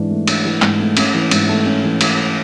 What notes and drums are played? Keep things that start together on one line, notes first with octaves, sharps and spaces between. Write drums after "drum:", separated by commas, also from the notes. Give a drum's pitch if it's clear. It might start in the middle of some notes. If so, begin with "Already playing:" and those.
Already playing: G#2 E3 D4
A3
D4, drum: cymbal
E3
G#2, drum: clap
A3
C#4, drum: cymbal
E3
G#2, drum: cymbal
A3
C#4
E3
drum: cymbal